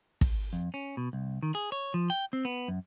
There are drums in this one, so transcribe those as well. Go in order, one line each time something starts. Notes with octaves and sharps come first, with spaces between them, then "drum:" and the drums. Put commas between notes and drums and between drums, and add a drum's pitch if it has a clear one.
drum: kick
F2
C#4
B2
C2
D#3
G#4
C#5
F3
G5
C4
B3
F#2